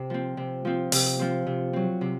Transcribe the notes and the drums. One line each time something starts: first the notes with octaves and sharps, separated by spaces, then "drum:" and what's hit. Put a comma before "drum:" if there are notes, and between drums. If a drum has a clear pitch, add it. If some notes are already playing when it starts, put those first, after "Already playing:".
Already playing: C3
F3 C4
C3
F3 C4
C3, drum: open hi-hat
F3 C4
C3
F#3 C4
C3